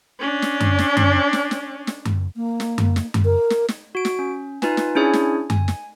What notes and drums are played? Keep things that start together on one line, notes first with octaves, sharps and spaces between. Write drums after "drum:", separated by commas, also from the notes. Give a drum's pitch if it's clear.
C#4 D4
drum: snare
drum: tom F#2
drum: snare
drum: tom F#2
drum: snare
drum: snare
drum: snare
drum: tom F#2
A#3
drum: snare
drum: tom F#2
drum: snare
drum: tom F#2
A#4
drum: snare
drum: snare
F#4 D7
drum: snare
C#4
D#4 F4 B4 G#5, drum: snare
drum: snare
C#4 D4 E4 G#4 C#5 G#5
drum: snare
G#5, drum: tom F#2
drum: snare